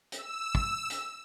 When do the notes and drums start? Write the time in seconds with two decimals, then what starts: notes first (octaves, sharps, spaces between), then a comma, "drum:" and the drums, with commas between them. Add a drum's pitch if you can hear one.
0.12 E6, drum: hi-hat
0.55 drum: kick
0.90 drum: hi-hat